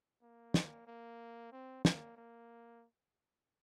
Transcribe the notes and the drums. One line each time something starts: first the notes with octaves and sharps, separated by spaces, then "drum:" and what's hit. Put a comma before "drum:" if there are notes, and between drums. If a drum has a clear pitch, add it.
A#3
drum: snare
A#3
C4
A#3, drum: snare
A#3